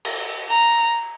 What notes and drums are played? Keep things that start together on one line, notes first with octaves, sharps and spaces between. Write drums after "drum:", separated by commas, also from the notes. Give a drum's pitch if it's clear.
drum: cymbal
A#5